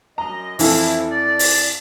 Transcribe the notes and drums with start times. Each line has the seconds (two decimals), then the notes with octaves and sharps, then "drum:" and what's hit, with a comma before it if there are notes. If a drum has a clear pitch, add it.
0.18 F#2 D#5 A#5
0.59 F2 E3 F3 E4 A4, drum: open hi-hat
1.10 D5
1.39 drum: open hi-hat